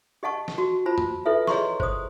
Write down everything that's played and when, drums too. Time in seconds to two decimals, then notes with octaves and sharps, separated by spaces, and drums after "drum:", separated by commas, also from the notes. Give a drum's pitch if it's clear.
0.23 G4 D#5 F#5 A5 C#6
0.48 drum: snare
0.58 F#4
0.86 F4 C5 A5 B5
0.98 drum: tom E2
1.26 E4 A4 B4 E5
1.47 G#4 C#5 D#5 A#5 C6 C#6, drum: snare
1.80 C5 D#6, drum: kick G1